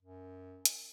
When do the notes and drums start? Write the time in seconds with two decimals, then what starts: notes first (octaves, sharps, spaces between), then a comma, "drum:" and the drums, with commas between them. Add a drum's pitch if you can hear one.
0.03 F#2
0.65 drum: hi-hat